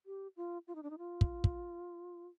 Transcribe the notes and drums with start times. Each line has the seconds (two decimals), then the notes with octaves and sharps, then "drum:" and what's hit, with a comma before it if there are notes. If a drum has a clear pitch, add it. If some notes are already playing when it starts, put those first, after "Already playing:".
0.06 G4
0.37 F4
0.67 F4
0.75 D#4
0.83 D4
0.90 D#4
0.98 F4
1.21 drum: kick
1.44 drum: kick